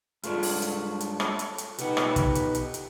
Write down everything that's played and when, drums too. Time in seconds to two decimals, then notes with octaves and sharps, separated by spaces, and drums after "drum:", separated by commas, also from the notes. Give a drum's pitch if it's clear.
0.23 G2 G#3 F4 A4 C#5 D5, drum: hi-hat
0.43 drum: open hi-hat
0.62 drum: hi-hat
1.00 drum: hi-hat
1.20 drum: rim click
1.39 drum: hi-hat
1.58 drum: hi-hat
1.78 B2 D#4 G4 B4 F#5, drum: hi-hat
1.97 drum: rim click
2.16 drum: kick, hi-hat
2.35 drum: hi-hat
2.55 drum: hi-hat
2.74 drum: hi-hat